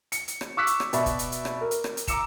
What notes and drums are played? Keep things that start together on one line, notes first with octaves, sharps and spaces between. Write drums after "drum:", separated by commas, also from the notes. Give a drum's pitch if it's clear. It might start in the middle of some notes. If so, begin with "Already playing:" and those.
C#7, drum: hi-hat
drum: hi-hat
drum: rim click
C#6 D6 E6 F#6 B6
drum: hi-hat
drum: rim click
B2 D5 E5 B5 C#6, drum: hi-hat
drum: kick, hi-hat
drum: hi-hat
drum: hi-hat
drum: rim click
A#4
drum: hi-hat
drum: rim click
drum: hi-hat
A#5 D6 E6 C#7 E7, drum: kick, hi-hat